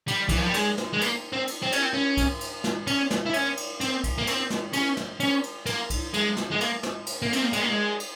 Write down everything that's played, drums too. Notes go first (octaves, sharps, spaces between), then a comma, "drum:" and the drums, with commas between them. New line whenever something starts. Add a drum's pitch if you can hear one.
G3, drum: cymbal
E3, drum: kick C2, cymbal
F3
G3
G#3, drum: cymbal
drum: snare
G#3
A#3, drum: cymbal
C4
drum: cymbal
C4
C#4, drum: cymbal
C4
C#4
drum: kick C2, cymbal
drum: cymbal
drum: snare
C#4, drum: cymbal
drum: snare
E4
C#4, drum: cymbal
drum: cymbal
C4, drum: cymbal
drum: kick C2, cymbal
A#3
C4, drum: cymbal
drum: snare
C#4, drum: cymbal
drum: snare
C#4, drum: cymbal
drum: cymbal
A#3, drum: cymbal
drum: kick C2, cymbal
G#3, drum: cymbal
drum: snare
G#3
A#3, drum: cymbal
drum: snare
drum: cymbal
A#3
C4, drum: cymbal
A#3
G#3, drum: cymbal
A#3
G#3
drum: cymbal